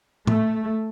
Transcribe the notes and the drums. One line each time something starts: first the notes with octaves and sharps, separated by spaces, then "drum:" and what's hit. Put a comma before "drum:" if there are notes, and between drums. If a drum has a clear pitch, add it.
A3, drum: tom A2